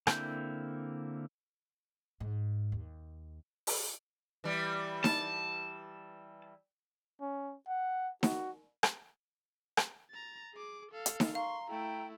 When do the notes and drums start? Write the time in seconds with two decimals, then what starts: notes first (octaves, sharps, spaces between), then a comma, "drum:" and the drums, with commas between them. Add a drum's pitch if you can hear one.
0.07 D3 A#3 C4 E4 G6, drum: rim click
2.20 G#2
2.72 D#2
3.67 drum: open hi-hat
4.44 E3 G3
5.04 A5, drum: snare D#4
7.21 C#4
7.68 F#5
8.23 F#4, drum: snare D#4
8.83 drum: rim click
9.77 drum: rim click
10.11 A#5 A6
10.54 G#4 D6
10.92 A4 F5
11.06 drum: hi-hat
11.20 drum: snare D#4
11.35 F5 A#5 C6 C#6
11.70 A3 E4 G5